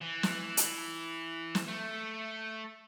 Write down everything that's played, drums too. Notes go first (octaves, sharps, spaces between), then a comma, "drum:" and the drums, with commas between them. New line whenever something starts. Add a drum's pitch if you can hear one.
E3
drum: snare
drum: hi-hat
drum: snare
A3